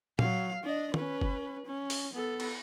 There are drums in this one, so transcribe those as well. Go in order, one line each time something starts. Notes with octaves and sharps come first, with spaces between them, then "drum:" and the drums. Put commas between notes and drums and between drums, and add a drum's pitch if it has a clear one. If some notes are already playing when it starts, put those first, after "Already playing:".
F#3 F5, drum: tom A#2
D4 D#5
C#4 B4, drum: tom
drum: kick
C#4
drum: open hi-hat
B3 A4
drum: cymbal